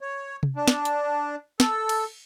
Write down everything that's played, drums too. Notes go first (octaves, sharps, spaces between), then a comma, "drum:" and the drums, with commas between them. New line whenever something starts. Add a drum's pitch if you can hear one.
C#5
drum: tom C3
D4
drum: snare
drum: hi-hat
A4, drum: snare
drum: cymbal